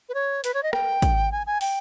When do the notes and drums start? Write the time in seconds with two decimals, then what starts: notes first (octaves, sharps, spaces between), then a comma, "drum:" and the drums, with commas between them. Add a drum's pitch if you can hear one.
0.09 B4
0.14 C#5
0.44 B4, drum: hi-hat
0.54 C#5
0.63 D#5
0.73 G5, drum: rim click
1.02 drum: kick, hi-hat
1.32 G#5
1.47 G#5
1.61 G5, drum: open hi-hat